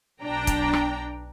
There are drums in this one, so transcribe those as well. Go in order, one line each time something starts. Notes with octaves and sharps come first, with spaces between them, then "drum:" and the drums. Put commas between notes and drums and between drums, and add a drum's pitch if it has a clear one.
B1 D4 G5 A#5
drum: kick, hi-hat
drum: rim click